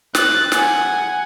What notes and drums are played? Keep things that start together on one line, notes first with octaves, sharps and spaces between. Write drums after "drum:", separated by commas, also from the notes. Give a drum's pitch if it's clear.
F#6 A6, drum: snare
F#5 G#5, drum: snare